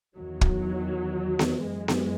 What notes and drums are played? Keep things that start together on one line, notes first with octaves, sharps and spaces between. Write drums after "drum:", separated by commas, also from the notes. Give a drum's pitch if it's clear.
E2 D#3 F#3
drum: kick
drum: snare B3
F#2 E3 G#3
drum: snare B3